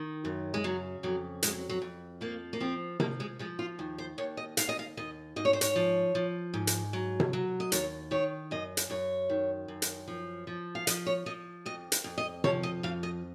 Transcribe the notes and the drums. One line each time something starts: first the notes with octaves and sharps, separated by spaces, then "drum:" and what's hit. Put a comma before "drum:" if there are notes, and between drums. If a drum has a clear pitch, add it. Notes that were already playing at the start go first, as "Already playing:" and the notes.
Already playing: D#3
F#2
G#3
C#3 F#3
F2 F#3
F#3 G#3, drum: hi-hat
F#3
F2
F3 A#3
A#3
F3 C4
F3 A#3, drum: tom C3
G#3
F3 G#3
F4
D#2
C5
D#2 C#5
D#5
D#2 F5, drum: hi-hat
D#5
F5
D#2 D#5
G#2 D#5
C#5
C5
C#5, drum: hi-hat
F3
F3
G#2
drum: hi-hat
F#3
drum: tom C3
F#3
D#5
D#2 C#5, drum: hi-hat
D#3 C#5
F#2 D#5
drum: hi-hat
F#2 C#5
D#3
F#2
drum: hi-hat
F3
F3
F5
F3 D#5, drum: hi-hat
C#5
F3 D#5
F2 D#5
drum: hi-hat
F2
D#5
F3 C#5, drum: tom C3
D#5
F2 F5
D#5